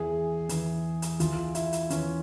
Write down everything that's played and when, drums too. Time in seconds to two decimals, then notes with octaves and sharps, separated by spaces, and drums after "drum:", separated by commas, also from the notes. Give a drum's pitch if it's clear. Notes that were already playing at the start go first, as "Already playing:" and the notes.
Already playing: E2 E3 G#4
0.49 E2 E3, drum: hi-hat
1.02 drum: hi-hat
1.20 E2 E3 F4, drum: hi-hat
1.55 E4, drum: hi-hat
1.73 drum: hi-hat
1.90 E2 E3 C#4, drum: hi-hat